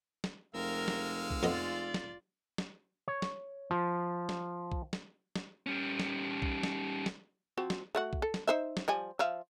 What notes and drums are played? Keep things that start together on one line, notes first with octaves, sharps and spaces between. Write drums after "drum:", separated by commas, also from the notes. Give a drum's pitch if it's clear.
drum: snare
F1 G#3 A#4 F5 E6
drum: snare
drum: kick B1
F2 B3 F4 D5 D#5
drum: snare
drum: snare
C#5
drum: snare
F3
drum: snare
drum: kick B1
drum: snare
drum: snare
G3 C#4
drum: snare
drum: kick B1
drum: snare
drum: snare
F3 C4 F#4
drum: snare
A3 F#4 F#5
drum: kick B1
A4
drum: snare
D#4 C5 E5
drum: snare
F3 G3 G#5
F3 E5 F5